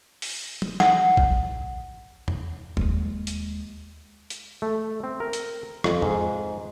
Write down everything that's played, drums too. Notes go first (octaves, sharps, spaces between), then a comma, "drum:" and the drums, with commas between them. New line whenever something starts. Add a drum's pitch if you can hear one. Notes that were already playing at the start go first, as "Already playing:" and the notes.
drum: open hi-hat
drum: tom
F#5, drum: snare
drum: kick A#1
drum: tom E2
D#2 G#3, drum: tom
drum: hi-hat
drum: hi-hat
A3
C4
A#4
drum: hi-hat
F2, drum: rim click
G#2, drum: tom E2